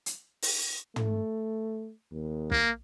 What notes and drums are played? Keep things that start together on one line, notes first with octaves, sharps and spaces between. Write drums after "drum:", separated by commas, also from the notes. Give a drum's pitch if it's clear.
drum: hi-hat
drum: open hi-hat
A3, drum: tom
D#2
A#3, drum: kick